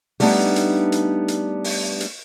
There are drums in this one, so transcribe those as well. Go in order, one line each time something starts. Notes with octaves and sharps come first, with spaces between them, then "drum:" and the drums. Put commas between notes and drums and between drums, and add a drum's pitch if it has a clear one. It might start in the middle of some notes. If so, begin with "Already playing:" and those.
G3 A3 B3 D4 D#4, drum: open hi-hat
drum: hi-hat
drum: hi-hat
drum: hi-hat
drum: open hi-hat
drum: hi-hat